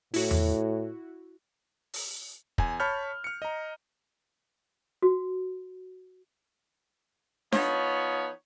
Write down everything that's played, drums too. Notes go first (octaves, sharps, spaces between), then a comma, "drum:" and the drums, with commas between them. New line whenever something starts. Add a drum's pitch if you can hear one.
A2 E4 F#4, drum: open hi-hat
drum: tom E2
drum: open hi-hat
E2 G#5, drum: kick
C#5 A5 B5 C#6 F6 G6
F6 C#7
D#5 A#5
F#4
F3 B3 D#4 C#5, drum: snare D4